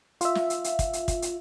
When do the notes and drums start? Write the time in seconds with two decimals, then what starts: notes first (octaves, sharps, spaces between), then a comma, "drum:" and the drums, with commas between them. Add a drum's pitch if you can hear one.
0.21 F4 E5, drum: hi-hat
0.35 drum: snare
0.50 drum: hi-hat
0.64 drum: hi-hat
0.79 drum: kick, hi-hat
0.93 drum: hi-hat
1.08 drum: kick, hi-hat
1.22 drum: hi-hat